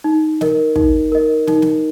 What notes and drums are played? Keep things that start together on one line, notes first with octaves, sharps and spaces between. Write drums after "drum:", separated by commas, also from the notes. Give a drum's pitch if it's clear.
D#4
A#4 D#5, drum: snare
D#4, drum: kick
A#4 D#5
D#4, drum: snare
drum: snare